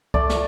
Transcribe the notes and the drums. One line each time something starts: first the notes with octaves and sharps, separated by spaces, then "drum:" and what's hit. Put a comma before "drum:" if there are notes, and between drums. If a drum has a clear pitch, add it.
A3 D5, drum: kick C#2
drum: snare